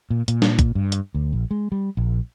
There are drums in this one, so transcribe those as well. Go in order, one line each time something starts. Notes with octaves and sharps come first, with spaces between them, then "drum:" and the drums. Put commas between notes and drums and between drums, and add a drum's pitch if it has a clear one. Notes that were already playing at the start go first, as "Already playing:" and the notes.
A#2
A#2, drum: hi-hat
drum: snare
drum: kick, hi-hat
G2
drum: hi-hat
D2
A#1
G#3
G3
A#1